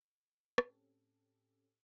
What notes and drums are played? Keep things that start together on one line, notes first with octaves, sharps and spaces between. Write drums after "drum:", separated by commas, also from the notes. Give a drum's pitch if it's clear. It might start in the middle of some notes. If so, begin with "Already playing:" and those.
A2 C4 C#4 G4 A4, drum: rim click